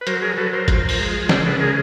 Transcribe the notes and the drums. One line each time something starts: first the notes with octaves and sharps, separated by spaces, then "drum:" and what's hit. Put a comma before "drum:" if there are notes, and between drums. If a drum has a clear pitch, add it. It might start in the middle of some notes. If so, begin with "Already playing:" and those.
B4
F#3 A#4 C5, drum: hi-hat
G#4 A#4
F#3 A4 B4
A#4 C5
F3, drum: kick, hi-hat
drum: open hi-hat
G#3
C#3 C5 D5, drum: snare
A4 B4
G#3 G#4 A#4